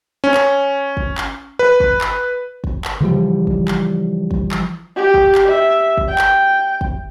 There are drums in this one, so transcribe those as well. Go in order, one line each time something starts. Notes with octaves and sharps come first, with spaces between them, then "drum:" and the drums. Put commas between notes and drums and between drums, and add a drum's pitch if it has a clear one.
C#4
drum: clap
drum: kick
drum: clap
B4
drum: kick
drum: clap
drum: kick
drum: clap
C#3 E3 F3 G3
drum: kick
drum: clap
drum: kick
drum: clap
G4
drum: kick
drum: clap
E5
drum: kick
G5
drum: clap
drum: kick